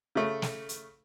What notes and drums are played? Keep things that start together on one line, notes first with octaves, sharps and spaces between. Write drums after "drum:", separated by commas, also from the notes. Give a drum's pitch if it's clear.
C#3 A3
drum: snare
drum: hi-hat